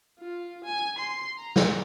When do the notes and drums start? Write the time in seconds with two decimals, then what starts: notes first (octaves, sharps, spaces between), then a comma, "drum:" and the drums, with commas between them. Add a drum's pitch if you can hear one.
0.20 F4
0.65 G#5
0.98 C6
1.38 A#5
1.56 drum: snare